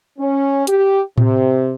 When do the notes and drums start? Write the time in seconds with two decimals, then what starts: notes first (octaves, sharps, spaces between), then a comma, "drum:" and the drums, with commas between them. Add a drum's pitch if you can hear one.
0.19 C#4
0.67 G4, drum: hi-hat
1.18 C3, drum: tom A2